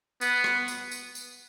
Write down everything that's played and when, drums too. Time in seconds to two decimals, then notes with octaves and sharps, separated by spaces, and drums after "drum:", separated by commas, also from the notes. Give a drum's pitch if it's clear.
0.21 B3, drum: tambourine
0.44 drum: rim click
0.68 drum: tambourine
0.91 drum: tambourine
1.15 drum: tambourine